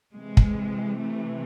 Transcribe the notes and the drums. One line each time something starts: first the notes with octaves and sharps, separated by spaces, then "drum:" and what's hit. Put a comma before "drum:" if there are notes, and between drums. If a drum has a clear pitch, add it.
C3 E3 G#3
drum: kick
A3